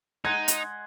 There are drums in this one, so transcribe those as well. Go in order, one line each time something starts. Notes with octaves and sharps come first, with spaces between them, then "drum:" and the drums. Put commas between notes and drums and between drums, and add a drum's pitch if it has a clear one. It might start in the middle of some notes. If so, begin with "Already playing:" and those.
G#3 D#4 F#5 C6 G#6
drum: hi-hat